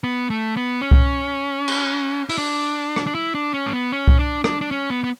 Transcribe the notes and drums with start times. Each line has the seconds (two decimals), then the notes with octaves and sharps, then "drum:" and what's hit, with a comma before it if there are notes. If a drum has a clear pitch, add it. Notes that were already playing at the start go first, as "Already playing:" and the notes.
0.04 B3
0.30 A3
0.57 B3
0.82 C#4
0.91 drum: kick C2
1.68 drum: cymbal
2.29 E4, drum: open hi-hat
2.38 D4
2.96 drum: rim click
3.07 D4
3.15 E4
3.35 D4
3.54 C#4
3.66 A3
3.73 B3
3.92 C#4
4.08 drum: kick C2
4.19 D4
4.44 D4, drum: rim click
4.61 D4
4.71 C#4
4.90 B3
5.04 B3